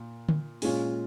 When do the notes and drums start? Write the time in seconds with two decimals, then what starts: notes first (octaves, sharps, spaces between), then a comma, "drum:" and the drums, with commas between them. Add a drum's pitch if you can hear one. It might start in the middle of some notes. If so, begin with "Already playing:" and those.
Already playing: A#2
0.29 drum: tom D3
0.62 A#2 G#3 C#4 F4, drum: open hi-hat